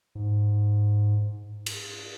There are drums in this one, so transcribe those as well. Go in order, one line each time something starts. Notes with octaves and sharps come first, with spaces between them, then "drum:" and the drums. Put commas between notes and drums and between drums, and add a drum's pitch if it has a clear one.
G#2
drum: cymbal